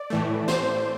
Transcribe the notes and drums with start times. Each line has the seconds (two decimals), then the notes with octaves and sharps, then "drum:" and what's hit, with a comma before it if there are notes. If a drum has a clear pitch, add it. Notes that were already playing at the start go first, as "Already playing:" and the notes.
Already playing: D5
0.10 A2 E3 A3
0.48 C5, drum: snare